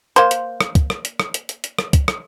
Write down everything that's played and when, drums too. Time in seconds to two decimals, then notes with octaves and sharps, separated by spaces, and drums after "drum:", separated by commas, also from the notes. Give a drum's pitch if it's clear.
0.16 A#3 C5, drum: hi-hat
0.31 drum: hi-hat
0.61 drum: rim click
0.75 drum: kick, hi-hat
0.90 drum: rim click
1.05 drum: hi-hat
1.20 drum: rim click
1.34 drum: hi-hat
1.49 drum: hi-hat
1.64 drum: hi-hat
1.79 drum: rim click
1.93 drum: kick, hi-hat
2.08 drum: rim click